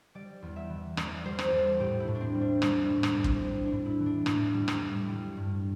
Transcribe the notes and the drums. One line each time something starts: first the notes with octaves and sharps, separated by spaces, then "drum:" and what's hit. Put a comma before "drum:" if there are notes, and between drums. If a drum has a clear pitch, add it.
G3 D5
E2
E5
E3
E2 D5, drum: rim click
G3 C5
drum: rim click
E2 A4
A2 G4
E4
A2
D4
C4
G3
D4
G3 D4, drum: rim click
A2
drum: rim click
A2
C4, drum: kick
G3 D4
D4
A2
E4
E3
D4
A2, drum: rim click
G3
drum: rim click
A2
G3
G2